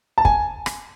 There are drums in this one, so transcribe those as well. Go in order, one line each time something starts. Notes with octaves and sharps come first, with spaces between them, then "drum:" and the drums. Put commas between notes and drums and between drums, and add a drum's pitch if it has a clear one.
A5
G#5, drum: kick
drum: rim click